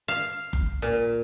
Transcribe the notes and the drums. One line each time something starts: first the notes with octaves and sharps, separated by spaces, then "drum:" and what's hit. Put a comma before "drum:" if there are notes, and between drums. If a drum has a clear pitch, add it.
F5
drum: kick F#1
A#2